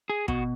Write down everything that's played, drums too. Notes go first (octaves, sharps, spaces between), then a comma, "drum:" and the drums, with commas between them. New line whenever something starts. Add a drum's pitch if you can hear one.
G#4
B2 F#4, drum: kick